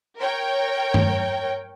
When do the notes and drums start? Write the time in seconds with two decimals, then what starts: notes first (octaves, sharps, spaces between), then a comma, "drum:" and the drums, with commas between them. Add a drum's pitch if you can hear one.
0.18 A#4 C#5 G5
0.94 drum: tom G2